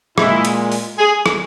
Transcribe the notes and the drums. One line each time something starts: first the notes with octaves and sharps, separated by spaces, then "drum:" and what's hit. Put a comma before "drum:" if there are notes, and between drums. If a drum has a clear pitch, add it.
A#2 G#3 E4, drum: rim click
drum: hi-hat
drum: open hi-hat
G#4
drum: rim click